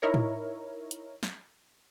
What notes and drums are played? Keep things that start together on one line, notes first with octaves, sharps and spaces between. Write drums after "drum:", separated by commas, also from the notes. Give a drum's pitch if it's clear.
D#4 E4 A#4 C#5
drum: tom A2
drum: hi-hat
drum: snare